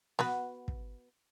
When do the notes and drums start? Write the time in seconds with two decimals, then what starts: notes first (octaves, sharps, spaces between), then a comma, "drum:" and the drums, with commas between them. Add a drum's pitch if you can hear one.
0.19 B3 F#4 B4, drum: snare
0.68 drum: kick